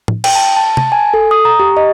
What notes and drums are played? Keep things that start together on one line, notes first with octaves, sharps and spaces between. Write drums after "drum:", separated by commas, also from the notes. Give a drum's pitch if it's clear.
drum: tom A2
G5, drum: cymbal
A5
A5
A5, drum: tom C3
G#5
A4
D#6
A#5
G4
D#5